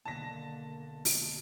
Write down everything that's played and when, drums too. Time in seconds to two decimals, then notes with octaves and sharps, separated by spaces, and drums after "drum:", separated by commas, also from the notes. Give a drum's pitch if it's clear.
0.05 B1 D3 A#3 F#4 A5 A#6
1.05 drum: open hi-hat